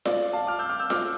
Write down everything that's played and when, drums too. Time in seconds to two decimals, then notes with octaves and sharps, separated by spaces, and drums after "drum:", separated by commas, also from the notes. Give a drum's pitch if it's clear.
0.05 D5 F5, drum: snare F4
0.33 F5 A5
0.47 D6 F6
0.59 E6 G6
0.69 D6 F6
0.79 E6 G6
0.90 D6 F6, drum: snare F4